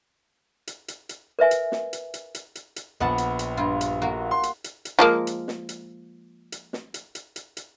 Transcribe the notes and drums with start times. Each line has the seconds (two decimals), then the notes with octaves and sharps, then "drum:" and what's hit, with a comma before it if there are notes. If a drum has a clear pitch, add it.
0.67 drum: hi-hat
0.88 drum: hi-hat
1.09 drum: hi-hat
1.39 A#4 B4 E5 G#5
1.51 drum: hi-hat
1.72 drum: snare
1.93 drum: hi-hat
2.14 drum: hi-hat
2.35 drum: hi-hat
2.55 drum: hi-hat
2.76 drum: hi-hat
3.00 A#1 B3 F#5 A5
3.18 drum: hi-hat
3.39 drum: hi-hat
3.57 G2 F4
3.81 drum: hi-hat
4.02 A#3 F#4
4.31 C6
4.43 drum: hi-hat
4.64 drum: hi-hat
4.85 drum: hi-hat
4.99 F3 G#3 A#3
5.27 drum: hi-hat
5.48 drum: snare
5.69 drum: hi-hat
6.52 drum: hi-hat
6.73 drum: snare
6.94 drum: hi-hat
7.15 drum: hi-hat
7.36 drum: hi-hat
7.57 drum: hi-hat